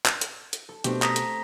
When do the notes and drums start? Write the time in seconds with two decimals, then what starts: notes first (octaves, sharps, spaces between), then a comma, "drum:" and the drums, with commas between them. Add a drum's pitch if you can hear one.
0.06 drum: clap
0.21 drum: hi-hat
0.53 drum: hi-hat
0.69 A4
0.84 B2 A3 C4 D4 G4, drum: hi-hat
1.02 A#5 D#6 A#6 B6, drum: clap
1.16 drum: hi-hat